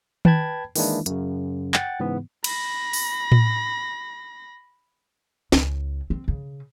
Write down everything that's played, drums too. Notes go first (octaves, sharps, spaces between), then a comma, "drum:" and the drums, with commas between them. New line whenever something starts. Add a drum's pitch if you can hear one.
B4 G5 A5 B5 G#6, drum: tom D#3
D#3 E3 G#3 A#3 D4 E4, drum: open hi-hat
F#2 C#3, drum: hi-hat
F#5 G5 A6, drum: clap
G#2 C#3 E3 B3
B5 A#6, drum: cymbal
drum: open hi-hat
drum: tom A2
C#2, drum: snare
C4
C#3